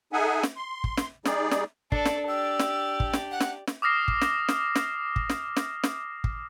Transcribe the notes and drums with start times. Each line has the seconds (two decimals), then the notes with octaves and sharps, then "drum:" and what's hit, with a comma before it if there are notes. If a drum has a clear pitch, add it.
0.13 D#4 G#4 A4 E5 F#5 G#5
0.43 drum: snare
0.56 C6
0.84 drum: kick
0.97 drum: snare
1.25 G3 D#4 G#4 D5, drum: snare
1.51 drum: snare
1.92 D4 A4 D5, drum: kick
2.05 drum: snare
2.29 G4 D5 E6
2.59 drum: snare
3.00 drum: kick
3.13 drum: snare
3.31 F#5
3.40 drum: snare
3.67 drum: snare
3.82 D6 D#6 F6 A#6 C7 E7
4.08 drum: kick
4.21 drum: snare
4.48 drum: snare
4.75 drum: snare
5.16 drum: kick
5.29 drum: snare
5.56 drum: snare
5.83 drum: snare
6.24 drum: kick